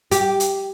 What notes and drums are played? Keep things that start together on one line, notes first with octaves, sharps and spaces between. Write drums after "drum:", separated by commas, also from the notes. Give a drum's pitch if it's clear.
G4, drum: hi-hat
drum: hi-hat